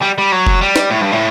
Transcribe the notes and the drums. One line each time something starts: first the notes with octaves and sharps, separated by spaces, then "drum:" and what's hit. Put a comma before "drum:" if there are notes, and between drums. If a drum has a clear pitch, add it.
G3
G3
F#3
drum: kick F1
G3
drum: snare
A2
G2
A2